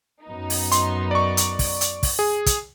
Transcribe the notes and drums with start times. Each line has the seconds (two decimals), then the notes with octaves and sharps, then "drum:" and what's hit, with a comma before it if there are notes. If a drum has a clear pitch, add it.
0.25 F#2 B3 D#4
0.50 drum: open hi-hat
0.72 C6, drum: hi-hat
1.11 D5 C#6
1.37 drum: hi-hat
1.59 drum: kick, open hi-hat
1.81 drum: hi-hat
2.03 drum: kick, open hi-hat
2.19 G#4
2.46 drum: kick, hi-hat